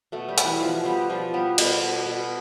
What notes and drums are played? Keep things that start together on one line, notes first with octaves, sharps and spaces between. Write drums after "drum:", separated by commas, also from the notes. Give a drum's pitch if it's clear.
B2 A3 A4
G3 G4
B3, drum: hi-hat
E3 E4
B2 F3 F4
G3 B3 G4
B2 F3 F4
G3 B3 G4
B2 B3 B4, drum: cymbal
B3
B2